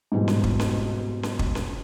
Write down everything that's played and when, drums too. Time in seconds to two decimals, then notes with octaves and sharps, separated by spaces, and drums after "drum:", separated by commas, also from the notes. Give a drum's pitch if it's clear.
0.12 G#2 B2 E3 F#3 G3 C4
0.28 drum: snare C#4
0.44 drum: kick
0.60 drum: snare C#4
1.23 drum: snare C#4
1.39 drum: kick
1.55 drum: snare C#4